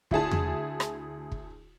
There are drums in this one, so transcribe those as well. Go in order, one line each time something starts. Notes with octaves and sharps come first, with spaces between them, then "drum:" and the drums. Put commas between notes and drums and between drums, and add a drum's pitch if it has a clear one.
D2 E4 G#4 A5, drum: kick
drum: tom E2
drum: rim click
drum: kick